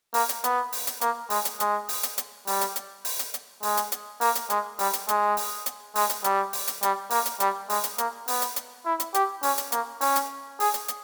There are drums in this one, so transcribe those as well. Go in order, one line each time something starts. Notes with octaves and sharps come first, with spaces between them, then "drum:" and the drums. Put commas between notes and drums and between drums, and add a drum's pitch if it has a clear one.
A#3, drum: open hi-hat
drum: hi-hat
B3, drum: hi-hat
drum: open hi-hat
drum: hi-hat
A#3, drum: hi-hat
G#3, drum: open hi-hat
drum: hi-hat
G#3, drum: hi-hat
drum: open hi-hat
drum: hi-hat
drum: hi-hat
G3, drum: open hi-hat
drum: hi-hat
drum: hi-hat
drum: open hi-hat
drum: hi-hat
drum: hi-hat
G#3, drum: open hi-hat
drum: hi-hat
drum: hi-hat
A#3, drum: open hi-hat
drum: hi-hat
G#3, drum: hi-hat
G3, drum: open hi-hat
drum: hi-hat
G#3, drum: hi-hat
drum: open hi-hat
drum: hi-hat
G#3, drum: open hi-hat
drum: hi-hat
G3, drum: hi-hat
drum: open hi-hat
drum: hi-hat
G3, drum: hi-hat
A#3, drum: open hi-hat
drum: hi-hat
G3, drum: hi-hat
G#3, drum: open hi-hat
drum: hi-hat
A#3, drum: hi-hat
B3, drum: open hi-hat
drum: hi-hat
drum: hi-hat
E4
drum: hi-hat
G4, drum: hi-hat
C#4, drum: open hi-hat
drum: hi-hat
A#3, drum: hi-hat
C#4, drum: open hi-hat
drum: hi-hat
G#4, drum: open hi-hat
drum: hi-hat
drum: hi-hat